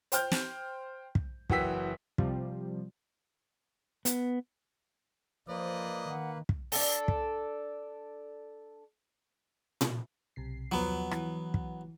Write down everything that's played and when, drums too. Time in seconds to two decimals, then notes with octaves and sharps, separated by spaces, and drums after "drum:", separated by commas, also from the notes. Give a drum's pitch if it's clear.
0.12 C5 G5 F6 G6, drum: hi-hat
0.32 drum: snare
1.15 drum: kick
1.50 F#1 E3 F#4 G5 E6 B6, drum: kick
2.18 C3 F3 G3, drum: kick
4.05 B3, drum: hi-hat
5.48 F3 A#3 B4 C5 D5 D#5
6.09 D#3 F#5
6.49 drum: kick
6.72 D4 A4, drum: open hi-hat
7.08 drum: kick
9.81 drum: tom A#2
10.36 B1 C3 C7
10.72 D#2 F3 F#3 B3
11.11 E3, drum: rim click
11.54 drum: kick